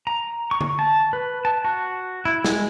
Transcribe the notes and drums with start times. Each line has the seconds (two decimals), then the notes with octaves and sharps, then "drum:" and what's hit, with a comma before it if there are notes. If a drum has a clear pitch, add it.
0.07 A#5
0.51 C#6
0.61 drum: tom D3
0.79 A5
1.13 B4
1.45 A5
1.65 F#4
2.25 E4
2.44 G#3, drum: snare